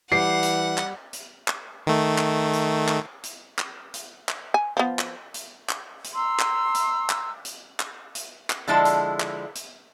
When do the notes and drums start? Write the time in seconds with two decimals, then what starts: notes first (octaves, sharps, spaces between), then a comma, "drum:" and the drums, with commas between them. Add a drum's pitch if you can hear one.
0.12 E3 G3 F#5 C7
0.43 drum: hi-hat
0.78 drum: clap
1.13 drum: hi-hat
1.48 drum: clap
1.87 D#3 A3
2.18 drum: clap
2.53 drum: hi-hat
2.88 drum: clap
3.23 drum: hi-hat
3.59 drum: clap
3.94 drum: hi-hat
4.29 drum: clap
4.54 G#5
4.77 F3 B3
4.99 drum: clap
5.34 drum: hi-hat
5.69 drum: clap
6.04 drum: hi-hat
6.15 A#5 C6 E6
6.39 drum: clap
6.74 drum: hi-hat
7.10 drum: clap
7.45 drum: hi-hat
7.80 drum: clap
8.15 drum: hi-hat
8.50 drum: clap
8.68 D3 F3 G#3 E4 A5
8.85 drum: hi-hat
9.20 drum: clap
9.55 drum: hi-hat